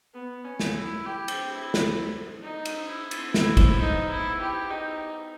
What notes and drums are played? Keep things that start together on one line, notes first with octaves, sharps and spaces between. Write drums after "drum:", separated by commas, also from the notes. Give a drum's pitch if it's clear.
B3
C#4
drum: snare
E4
G4
drum: cymbal
E4
drum: snare
D#4
drum: cymbal
E4
drum: cymbal
E4, drum: snare
drum: kick, cymbal
D#4
E4
G4
D#4